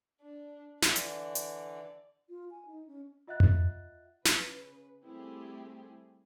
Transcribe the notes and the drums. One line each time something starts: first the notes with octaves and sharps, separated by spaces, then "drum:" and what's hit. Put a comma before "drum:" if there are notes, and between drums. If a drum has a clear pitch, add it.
D4
D3 E3 D5, drum: snare
drum: hi-hat
drum: hi-hat
F4
G#5
D#4
C#4
F4 D#5 E5 F#5 F#6 A6
drum: tom F2
C#3 B4, drum: snare
G3 A3 C4 E4 G4 G#4